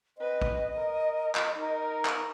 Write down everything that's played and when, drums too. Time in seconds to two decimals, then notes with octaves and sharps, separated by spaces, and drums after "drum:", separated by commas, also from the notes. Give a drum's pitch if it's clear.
0.18 C4 B4 D#5
0.42 drum: kick
0.77 A#4
1.35 drum: clap
1.54 D#4 A#4
2.05 drum: clap